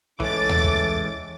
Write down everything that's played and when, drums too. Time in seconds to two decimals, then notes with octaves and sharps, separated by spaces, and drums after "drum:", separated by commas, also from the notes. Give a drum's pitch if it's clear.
0.20 A2 E3 G#3 C#4 D6 A6, drum: kick
0.49 drum: tom D#2
0.64 drum: kick